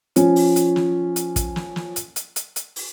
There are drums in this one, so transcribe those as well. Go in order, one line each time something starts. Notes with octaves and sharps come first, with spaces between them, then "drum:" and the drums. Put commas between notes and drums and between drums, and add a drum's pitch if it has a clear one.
F3 C#4, drum: hi-hat
drum: open hi-hat
drum: hi-hat
drum: snare
drum: hi-hat
drum: kick, hi-hat
drum: snare
drum: snare
drum: hi-hat
drum: hi-hat
drum: hi-hat
drum: hi-hat
drum: open hi-hat